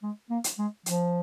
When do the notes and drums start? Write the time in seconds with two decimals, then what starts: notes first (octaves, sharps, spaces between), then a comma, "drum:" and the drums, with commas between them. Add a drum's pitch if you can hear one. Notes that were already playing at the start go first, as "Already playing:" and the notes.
0.03 G#3
0.30 A#3
0.44 drum: hi-hat
0.58 G#3
0.86 F3, drum: hi-hat